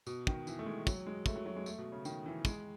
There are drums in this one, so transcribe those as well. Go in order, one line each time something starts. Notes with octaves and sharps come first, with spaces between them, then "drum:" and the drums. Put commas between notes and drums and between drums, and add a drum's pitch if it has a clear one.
B2, drum: tambourine
D#3, drum: kick
E3, drum: tambourine
A3
G#3
F#3, drum: kick, tambourine
G#3
A3, drum: kick, tambourine
F#3
F#3
G#3
A3, drum: tambourine
B2
C#3
D#3, drum: tambourine
E3
G#3, drum: kick, tambourine